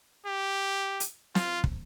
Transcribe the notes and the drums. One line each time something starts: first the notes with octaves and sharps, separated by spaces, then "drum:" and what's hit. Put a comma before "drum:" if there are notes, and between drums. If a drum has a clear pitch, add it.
G4
drum: hi-hat
F4, drum: snare
drum: kick